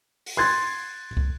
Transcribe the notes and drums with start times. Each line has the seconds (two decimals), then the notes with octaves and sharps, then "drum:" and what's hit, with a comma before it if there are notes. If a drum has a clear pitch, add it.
0.26 drum: open hi-hat
0.37 C6 F#6 G#6 A6
1.17 drum: kick